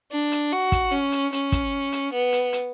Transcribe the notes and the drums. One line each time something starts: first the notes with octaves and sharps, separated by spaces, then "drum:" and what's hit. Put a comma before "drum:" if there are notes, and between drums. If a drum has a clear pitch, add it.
D4
drum: hi-hat
F#4
drum: kick, hi-hat
C#4
drum: hi-hat
C#4, drum: hi-hat
drum: kick, hi-hat
drum: hi-hat
B3
drum: hi-hat
drum: hi-hat